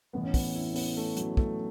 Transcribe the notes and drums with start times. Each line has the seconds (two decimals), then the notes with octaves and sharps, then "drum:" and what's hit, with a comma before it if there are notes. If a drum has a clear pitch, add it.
0.13 A1 A2 E3 B3
0.24 C#4
0.34 B3, drum: kick, open hi-hat
0.55 E4
0.70 C#4
0.76 B3, drum: open hi-hat
0.97 A3
1.17 F#3, drum: hi-hat
1.37 A3, drum: kick